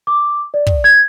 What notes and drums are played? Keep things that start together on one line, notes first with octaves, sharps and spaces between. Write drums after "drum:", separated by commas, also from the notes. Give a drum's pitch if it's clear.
D6
D5
drum: kick
G#6